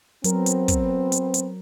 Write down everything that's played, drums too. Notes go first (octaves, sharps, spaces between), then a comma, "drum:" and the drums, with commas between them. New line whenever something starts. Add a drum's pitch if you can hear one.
F#3 B3 C4 A#4, drum: hi-hat
drum: hi-hat
drum: kick, hi-hat
drum: hi-hat
drum: hi-hat